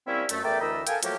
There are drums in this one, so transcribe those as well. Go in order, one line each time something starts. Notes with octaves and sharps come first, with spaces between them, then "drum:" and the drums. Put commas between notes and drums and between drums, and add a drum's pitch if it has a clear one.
G3 A#3 C4 C#4 E4
F#2 A3, drum: hi-hat
E2 A3 A#4 D5 G5
D2 E3 A#4 D#5 B5 E6
A4 A#4 F5 G5 G#5, drum: hi-hat
F3 F#3 A3 A#3 G4, drum: hi-hat